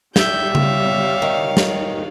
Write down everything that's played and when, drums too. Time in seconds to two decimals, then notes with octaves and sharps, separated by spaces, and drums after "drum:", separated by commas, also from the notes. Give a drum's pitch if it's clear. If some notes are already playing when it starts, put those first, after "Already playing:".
0.16 G3 E5 G6, drum: snare
0.55 C#5 F5, drum: tom C#3
1.22 D#3
1.57 drum: snare